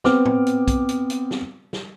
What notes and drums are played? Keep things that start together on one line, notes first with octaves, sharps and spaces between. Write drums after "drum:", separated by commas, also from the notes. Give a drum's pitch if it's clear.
B3 C4 D6 F6, drum: snare
drum: tom A2
drum: hi-hat
drum: kick B1, hi-hat
drum: hi-hat
drum: hi-hat
drum: snare
drum: snare